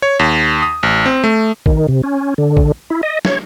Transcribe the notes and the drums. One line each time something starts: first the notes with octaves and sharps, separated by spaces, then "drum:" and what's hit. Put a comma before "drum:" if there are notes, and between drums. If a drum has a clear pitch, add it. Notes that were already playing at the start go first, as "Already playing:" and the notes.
C#5
D#2
D#6
A1
C4
A3
D#3, drum: kick
C3
C#4
D3
drum: kick
E4
D#5
C#5, drum: snare